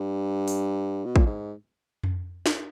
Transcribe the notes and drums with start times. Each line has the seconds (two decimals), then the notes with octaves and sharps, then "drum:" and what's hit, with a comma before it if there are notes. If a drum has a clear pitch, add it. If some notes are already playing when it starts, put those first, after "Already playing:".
Already playing: G2
0.48 drum: open hi-hat
1.05 B2
1.16 A#2, drum: kick
1.26 G#2
2.03 drum: tom F2
2.46 drum: snare